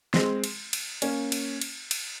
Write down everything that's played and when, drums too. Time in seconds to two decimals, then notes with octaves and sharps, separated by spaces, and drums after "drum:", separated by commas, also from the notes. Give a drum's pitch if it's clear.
0.14 G#3 C4, drum: snare
0.44 drum: cymbal
0.73 drum: cymbal
1.02 A#3 C#4, drum: cymbal
1.32 drum: cymbal
1.61 drum: cymbal
1.91 drum: cymbal